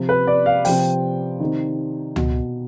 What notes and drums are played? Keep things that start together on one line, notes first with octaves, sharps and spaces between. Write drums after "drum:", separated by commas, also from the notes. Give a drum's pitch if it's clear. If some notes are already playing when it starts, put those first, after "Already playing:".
Already playing: C3 F3
B4
D5
F5
C3 F3 G5, drum: open hi-hat
C3 D#3
B2, drum: tom C#2